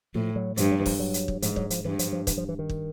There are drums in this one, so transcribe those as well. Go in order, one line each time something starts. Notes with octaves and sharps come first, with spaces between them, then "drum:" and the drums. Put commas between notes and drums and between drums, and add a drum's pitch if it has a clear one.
A2 F3
F#3
G2 F3, drum: hi-hat
F#3
E3
F3, drum: kick, open hi-hat
F#3
drum: hi-hat
drum: kick
G#2 F3, drum: hi-hat
F#3, drum: kick
F3, drum: hi-hat
G2 E3
F3, drum: hi-hat
F3
E3, drum: kick, hi-hat
F3
E3
D#3
drum: kick